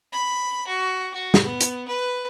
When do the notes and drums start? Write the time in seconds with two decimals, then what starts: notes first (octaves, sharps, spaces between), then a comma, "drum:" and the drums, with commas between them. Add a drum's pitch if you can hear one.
0.13 B5
0.67 F#4
1.14 F#4
1.34 drum: snare
1.45 B3
1.60 drum: hi-hat
1.88 B4